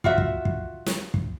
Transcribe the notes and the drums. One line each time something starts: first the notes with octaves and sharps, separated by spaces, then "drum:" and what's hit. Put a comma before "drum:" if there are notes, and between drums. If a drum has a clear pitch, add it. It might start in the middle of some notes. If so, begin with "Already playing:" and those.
F4 F#4 E5, drum: kick
drum: kick
drum: kick
drum: snare
drum: kick